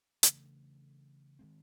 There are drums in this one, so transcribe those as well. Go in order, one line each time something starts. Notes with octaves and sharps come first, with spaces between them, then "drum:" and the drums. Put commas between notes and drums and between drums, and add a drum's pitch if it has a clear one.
C#3 E3 A3 D4, drum: hi-hat
D#3 G#3 C4